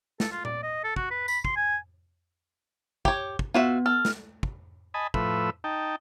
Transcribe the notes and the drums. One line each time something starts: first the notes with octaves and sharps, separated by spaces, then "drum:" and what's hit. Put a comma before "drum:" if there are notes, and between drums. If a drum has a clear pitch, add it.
A4, drum: snare
F4
D5, drum: tom A#2
D#5
A4
F#4, drum: kick
B4
B5, drum: tambourine
C6, drum: kick
G#5
G4 C#5, drum: kick
drum: kick
B3 F4 F#4 E5
A4 F6
drum: snare
drum: kick
D#5 G#5 A5 B5
A2 F3 B4 E5, drum: kick
D#4 G5 A5